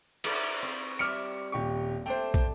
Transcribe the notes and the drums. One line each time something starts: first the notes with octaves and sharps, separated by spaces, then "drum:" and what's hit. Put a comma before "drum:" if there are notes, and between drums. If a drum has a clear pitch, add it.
E4 D5, drum: cymbal
C4
G3 E5 D6 F6 C#7
D#1 G4 C#6
A3 D4 C5 G5
drum: kick